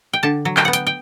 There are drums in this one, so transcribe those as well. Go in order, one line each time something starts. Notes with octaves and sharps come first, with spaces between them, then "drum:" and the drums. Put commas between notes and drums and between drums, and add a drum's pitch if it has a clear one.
G5
D3 A5
F#3
G5, drum: clap
B3 F#5
G5, drum: hi-hat
G5